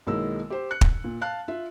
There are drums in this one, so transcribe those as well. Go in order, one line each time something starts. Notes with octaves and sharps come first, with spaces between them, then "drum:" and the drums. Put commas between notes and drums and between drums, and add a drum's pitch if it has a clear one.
B1 D#3 G#3 A#3 E4 E6
G4 C5
F#6 C#7
drum: kick
A#2
F5 A5 F#6
F4 E5